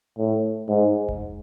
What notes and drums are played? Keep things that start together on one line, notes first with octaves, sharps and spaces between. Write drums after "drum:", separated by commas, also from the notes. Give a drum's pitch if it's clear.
A2
G#2
drum: kick F1